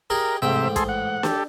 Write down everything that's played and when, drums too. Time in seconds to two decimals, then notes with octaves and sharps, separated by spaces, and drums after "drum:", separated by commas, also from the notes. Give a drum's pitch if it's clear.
0.10 D#4 G4 G#4 A#4
0.42 A1 G#2 C3 E5 G5
0.76 G#4 A4 C6, drum: kick, hi-hat
0.89 F#5
1.23 G4 A4, drum: snare